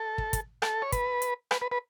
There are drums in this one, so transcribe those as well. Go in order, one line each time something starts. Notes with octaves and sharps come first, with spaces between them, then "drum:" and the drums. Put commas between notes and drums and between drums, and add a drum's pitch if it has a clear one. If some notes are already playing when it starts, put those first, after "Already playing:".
Already playing: A4
drum: kick
drum: kick, hi-hat
A4, drum: rim click
C#5
B4, drum: kick, hi-hat
drum: hi-hat
B4, drum: rim click
B4
B4